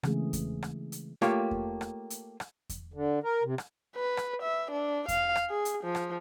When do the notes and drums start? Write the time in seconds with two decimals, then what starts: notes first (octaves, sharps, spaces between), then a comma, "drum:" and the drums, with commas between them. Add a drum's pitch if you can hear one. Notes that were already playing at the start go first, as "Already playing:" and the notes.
0.03 C#3 E3 G#3 A3 C4 G#4, drum: rim click
0.33 drum: kick E2, hi-hat
0.63 drum: rim click
0.92 drum: hi-hat
1.22 A3 A#3 F4 G4 C#5, drum: rim click
1.51 drum: kick E2
1.81 drum: rim click
2.10 drum: hi-hat
2.40 drum: rim click
2.69 drum: kick E2, hi-hat
2.94 D3
3.23 A#4
3.43 C3
3.58 drum: rim click
3.96 B4
4.17 drum: rim click
4.42 E5
4.71 D4
5.08 F5, drum: kick E2, hi-hat
5.36 drum: rim click
5.50 G#4
5.65 drum: hi-hat
5.84 F3
5.95 drum: rim click